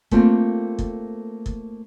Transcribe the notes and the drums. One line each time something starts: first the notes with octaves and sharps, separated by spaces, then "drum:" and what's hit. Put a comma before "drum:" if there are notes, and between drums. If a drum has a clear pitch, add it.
A3 A#3 C4 F4 G4 A4, drum: kick
drum: kick
drum: kick